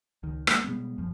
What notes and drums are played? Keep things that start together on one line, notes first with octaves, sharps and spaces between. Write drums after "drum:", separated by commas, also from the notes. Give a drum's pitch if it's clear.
C#2 D#3
G#3 A#3, drum: rim click
B2 G3 G#3 B3
E1 B1 F#2 F3